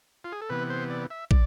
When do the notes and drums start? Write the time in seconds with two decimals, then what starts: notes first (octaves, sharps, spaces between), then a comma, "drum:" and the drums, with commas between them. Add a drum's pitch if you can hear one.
0.24 F4
0.32 G#4
0.41 A4
0.49 C3 E3 B3 B4
0.70 C5
0.90 D5
1.10 E5
1.31 D5, drum: kick